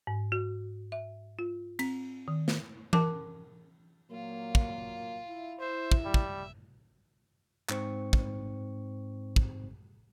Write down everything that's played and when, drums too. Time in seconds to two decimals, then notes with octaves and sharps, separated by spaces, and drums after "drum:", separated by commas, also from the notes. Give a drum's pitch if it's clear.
0.07 G#2
0.32 F#4
0.92 E5
1.39 F4
1.79 C4, drum: cymbal
2.28 D#3
2.48 drum: snare
2.93 A#4 A5 D6, drum: tom E3
4.12 A#2 F#3 A#3 F4
4.55 drum: kick
5.28 E4
5.61 C5 E5
5.92 drum: kick
6.05 G3
6.14 drum: kick
7.69 G#2 C4 C#6, drum: clap
8.13 drum: kick
9.36 drum: kick